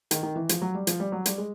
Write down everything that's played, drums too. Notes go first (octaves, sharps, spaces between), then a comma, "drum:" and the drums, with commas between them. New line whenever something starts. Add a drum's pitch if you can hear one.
D#3, drum: hi-hat
D#3
E3
F3, drum: hi-hat
F#3
G3
F3, drum: hi-hat
G3
F#3
G3, drum: hi-hat
G#3